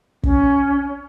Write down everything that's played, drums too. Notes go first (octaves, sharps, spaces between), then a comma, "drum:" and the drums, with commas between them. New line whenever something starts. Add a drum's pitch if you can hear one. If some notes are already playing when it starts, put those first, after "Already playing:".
C#4, drum: kick